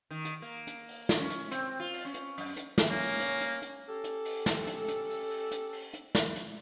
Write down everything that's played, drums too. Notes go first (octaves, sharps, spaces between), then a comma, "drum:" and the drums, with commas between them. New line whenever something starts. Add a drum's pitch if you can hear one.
D#3
drum: hi-hat
A#3
drum: hi-hat
drum: open hi-hat
drum: snare
C#4
drum: hi-hat
C4, drum: hi-hat
F4
drum: open hi-hat
C#4
drum: hi-hat
F#2, drum: open hi-hat
drum: hi-hat
drum: snare
A#3 C#4
drum: hi-hat
drum: hi-hat
drum: hi-hat
C#4 G4 A4
drum: hi-hat
drum: open hi-hat
drum: snare
drum: hi-hat
drum: hi-hat
drum: open hi-hat
drum: open hi-hat
drum: hi-hat
drum: open hi-hat
drum: hi-hat
drum: snare
drum: hi-hat